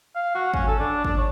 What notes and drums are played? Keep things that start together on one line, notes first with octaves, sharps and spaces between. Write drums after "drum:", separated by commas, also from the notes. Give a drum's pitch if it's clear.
F5
F#4
C#4, drum: kick
A4
D4
D4, drum: kick
C#5